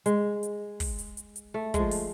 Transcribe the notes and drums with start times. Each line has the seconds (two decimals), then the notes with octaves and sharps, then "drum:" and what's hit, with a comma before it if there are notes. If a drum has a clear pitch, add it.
0.06 G#3, drum: hi-hat
0.43 drum: hi-hat
0.80 drum: kick, open hi-hat
0.98 drum: hi-hat
1.17 drum: hi-hat
1.36 drum: hi-hat
1.54 A3
1.74 G#3, drum: kick, hi-hat
1.79 F3
1.91 drum: open hi-hat